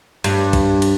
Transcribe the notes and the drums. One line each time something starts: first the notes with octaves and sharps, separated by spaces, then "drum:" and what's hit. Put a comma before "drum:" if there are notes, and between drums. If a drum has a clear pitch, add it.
G2, drum: cymbal
drum: kick, cymbal
drum: cymbal